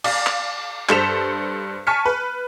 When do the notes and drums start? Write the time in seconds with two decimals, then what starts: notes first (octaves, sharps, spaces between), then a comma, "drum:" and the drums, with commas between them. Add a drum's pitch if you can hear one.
0.04 D5 F5, drum: cymbal
0.26 drum: clap
0.89 G2 A4 C5 B6 E7 F7, drum: clap
1.87 G#5 A5 C#6 F6 B6 C#7
2.05 B4